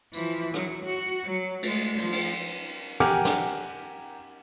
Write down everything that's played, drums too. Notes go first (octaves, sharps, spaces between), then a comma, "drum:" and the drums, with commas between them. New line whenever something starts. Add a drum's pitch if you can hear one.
E3 F3, drum: tambourine
F#3, drum: rim click
F#4
F#3
G#3 A3, drum: cymbal
F3, drum: hi-hat
drum: cymbal
G4 A#4 F#5 G#5 D6 F6, drum: tom
drum: snare